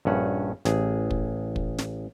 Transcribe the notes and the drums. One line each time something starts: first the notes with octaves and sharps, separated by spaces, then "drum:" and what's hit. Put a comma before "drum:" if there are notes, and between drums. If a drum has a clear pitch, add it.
A#1 G2 C#4 F#5
A1 G#4, drum: snare
drum: kick
drum: kick
drum: snare